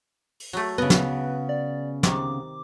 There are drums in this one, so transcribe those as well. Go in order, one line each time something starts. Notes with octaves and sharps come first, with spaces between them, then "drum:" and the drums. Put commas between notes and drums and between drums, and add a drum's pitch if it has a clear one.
drum: open hi-hat
F#3 A3
C#3 B3 B4 D#5
drum: snare
D5
C3 D#3 D6, drum: snare